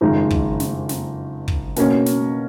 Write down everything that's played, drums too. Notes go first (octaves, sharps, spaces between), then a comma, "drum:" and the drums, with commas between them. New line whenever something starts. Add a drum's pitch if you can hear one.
F#1 F2 D#3 G#3 D#4
drum: kick
drum: snare
drum: snare
drum: kick
B2 A#3 C#4, drum: snare
drum: snare